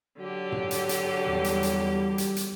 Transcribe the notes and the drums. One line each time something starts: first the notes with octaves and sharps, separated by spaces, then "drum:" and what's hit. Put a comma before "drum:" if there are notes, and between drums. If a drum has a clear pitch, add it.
D3 F#3 G4
drum: tom
drum: hi-hat
drum: hi-hat
E2 G3
drum: hi-hat
drum: hi-hat
drum: hi-hat
drum: hi-hat